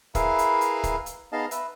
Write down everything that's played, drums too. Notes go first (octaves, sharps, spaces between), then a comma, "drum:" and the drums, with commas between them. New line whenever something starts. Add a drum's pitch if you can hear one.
E4 G#4 A#4 B4 E5 F5, drum: kick, hi-hat
drum: hi-hat
drum: hi-hat
drum: kick, hi-hat
drum: hi-hat
B3 D#4 G#4 D#5 F5 A5
B4 E5, drum: hi-hat